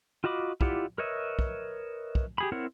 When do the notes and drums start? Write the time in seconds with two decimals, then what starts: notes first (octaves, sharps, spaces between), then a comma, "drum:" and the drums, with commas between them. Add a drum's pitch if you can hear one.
0.24 F4 F#4 D#5 B5 D6
0.61 E4 F4 G4 D5 F#5, drum: kick
0.98 A#4 B4 C#5 D#5 E5
1.39 drum: kick
2.15 drum: kick
2.38 G4 G#4 B5
2.52 C4 E4 A#4 C#5 F#5